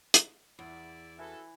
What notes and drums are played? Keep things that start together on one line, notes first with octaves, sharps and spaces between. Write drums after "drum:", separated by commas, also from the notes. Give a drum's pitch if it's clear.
drum: hi-hat
E2 E4 D5
E3 C#4 F#4 A4